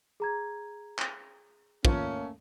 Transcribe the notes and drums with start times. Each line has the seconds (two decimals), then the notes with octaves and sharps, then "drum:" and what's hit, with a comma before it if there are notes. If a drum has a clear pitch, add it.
0.20 G#4 A#5 G#6
0.99 drum: clap
1.85 D#3 F3 A3 A#3 C#4 F4, drum: kick